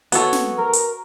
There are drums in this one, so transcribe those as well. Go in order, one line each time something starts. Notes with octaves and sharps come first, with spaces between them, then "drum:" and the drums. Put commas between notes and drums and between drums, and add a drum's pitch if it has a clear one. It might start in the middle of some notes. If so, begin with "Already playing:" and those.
B3 F#4 A4 B4 C#5, drum: hi-hat
drum: snare
A#4
drum: hi-hat